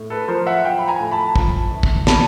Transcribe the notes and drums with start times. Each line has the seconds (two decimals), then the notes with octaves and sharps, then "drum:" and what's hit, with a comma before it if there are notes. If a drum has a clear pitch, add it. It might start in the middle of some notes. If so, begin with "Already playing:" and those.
Already playing: A2
0.10 A4 B4
0.28 F3 A#4 C5
0.47 E5 F#5
0.64 F3 F5 G5
0.79 B5
0.88 G#5 A#5
1.00 A2
1.11 A5 B5
1.36 F3, drum: kick
1.71 G1
1.83 drum: kick
2.07 A5 B5, drum: snare